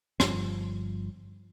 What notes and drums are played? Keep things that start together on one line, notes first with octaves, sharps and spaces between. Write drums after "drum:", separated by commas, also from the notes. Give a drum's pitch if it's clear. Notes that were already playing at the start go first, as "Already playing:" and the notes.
G1 C#2 G2 F3, drum: rim click